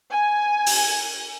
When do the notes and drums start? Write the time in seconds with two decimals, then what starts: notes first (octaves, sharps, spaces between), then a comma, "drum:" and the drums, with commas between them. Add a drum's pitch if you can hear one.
0.11 G#5
0.66 drum: open hi-hat